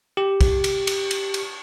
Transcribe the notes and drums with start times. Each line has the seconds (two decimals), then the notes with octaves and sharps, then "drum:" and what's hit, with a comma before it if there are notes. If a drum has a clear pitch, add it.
0.17 G4
0.41 drum: kick, cymbal
0.64 drum: cymbal
0.87 drum: cymbal
1.11 drum: cymbal
1.34 drum: cymbal